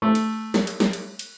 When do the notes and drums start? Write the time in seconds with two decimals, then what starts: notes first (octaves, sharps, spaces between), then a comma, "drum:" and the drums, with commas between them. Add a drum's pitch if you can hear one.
0.02 A3
0.15 drum: cymbal
0.54 drum: snare
0.67 drum: cymbal
0.80 drum: snare
0.93 drum: cymbal
1.19 drum: cymbal